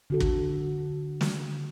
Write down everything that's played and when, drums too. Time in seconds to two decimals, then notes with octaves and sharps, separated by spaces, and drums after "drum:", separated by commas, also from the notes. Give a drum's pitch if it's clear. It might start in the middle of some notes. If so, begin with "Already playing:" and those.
0.10 D3 F#4 A4
0.20 drum: kick
1.21 drum: snare